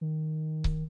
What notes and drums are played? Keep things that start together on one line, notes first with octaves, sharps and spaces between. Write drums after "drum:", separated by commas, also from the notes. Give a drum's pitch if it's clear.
D#3
drum: kick C#1